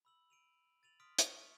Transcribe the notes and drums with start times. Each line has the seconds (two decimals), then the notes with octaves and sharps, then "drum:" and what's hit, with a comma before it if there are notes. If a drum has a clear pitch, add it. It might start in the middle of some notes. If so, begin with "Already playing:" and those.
0.05 B5 E6 F#7
0.30 D7 D#7 F7
0.83 A6 D#7 F7 F#7
1.00 C6 D#6 F6 B6 D7
1.19 C#6 F6 D7, drum: hi-hat